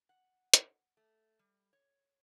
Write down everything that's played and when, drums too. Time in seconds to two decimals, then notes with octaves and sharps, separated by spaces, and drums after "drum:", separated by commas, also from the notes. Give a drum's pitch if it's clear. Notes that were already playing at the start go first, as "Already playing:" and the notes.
0.09 F#5
0.54 drum: hi-hat
0.97 A3
1.39 G3
1.73 C#5